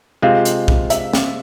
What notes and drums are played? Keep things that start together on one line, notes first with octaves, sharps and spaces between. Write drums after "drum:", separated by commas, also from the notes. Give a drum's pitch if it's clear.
C3 G#3 C4 F4 F5
drum: hi-hat
drum: kick B1
E5, drum: hi-hat
drum: snare